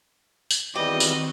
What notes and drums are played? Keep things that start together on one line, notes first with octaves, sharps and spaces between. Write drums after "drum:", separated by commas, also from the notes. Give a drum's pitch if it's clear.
drum: tambourine
E2 D#3 E3 G3 C4 F#4 G4 D#5
drum: tambourine